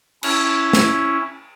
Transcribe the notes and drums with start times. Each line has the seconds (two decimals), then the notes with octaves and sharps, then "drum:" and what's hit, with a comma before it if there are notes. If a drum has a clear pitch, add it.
0.23 C#4 E4, drum: cymbal
0.73 drum: snare